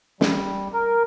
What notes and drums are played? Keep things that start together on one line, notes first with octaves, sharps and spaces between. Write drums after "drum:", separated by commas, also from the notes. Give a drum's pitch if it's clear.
G3, drum: snare
A#4